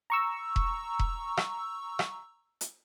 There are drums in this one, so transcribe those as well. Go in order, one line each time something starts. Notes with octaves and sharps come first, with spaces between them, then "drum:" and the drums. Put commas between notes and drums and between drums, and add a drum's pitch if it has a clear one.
A#5 C#6 E6
drum: kick E1
drum: kick E1
drum: rim click
drum: rim click
drum: hi-hat